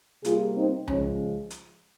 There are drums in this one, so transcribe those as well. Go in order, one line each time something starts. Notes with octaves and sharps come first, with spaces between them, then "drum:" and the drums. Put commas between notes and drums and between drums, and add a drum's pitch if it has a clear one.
C3 G3 A#3 F4 G#4, drum: hi-hat
C4 D#4
C#3 F3 G#3 C#4, drum: tom C2
drum: hi-hat